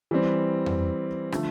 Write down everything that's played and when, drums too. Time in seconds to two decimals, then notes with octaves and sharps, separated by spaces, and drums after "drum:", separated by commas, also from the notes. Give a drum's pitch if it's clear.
0.11 E3 G3 C4
0.66 drum: tom F2
1.32 D3 F3 A3, drum: rim click